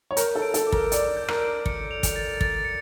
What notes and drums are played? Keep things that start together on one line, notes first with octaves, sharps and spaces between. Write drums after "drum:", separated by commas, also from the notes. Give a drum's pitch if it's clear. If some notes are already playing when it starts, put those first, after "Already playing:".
C#5
A#4 G6, drum: hi-hat
A4
D7
A4, drum: hi-hat
D6
A#4, drum: kick
D5 D6, drum: hi-hat
G6
A#4, drum: rim click
D7
C#7, drum: kick
F7
drum: kick, hi-hat
A6
A6, drum: kick
C#7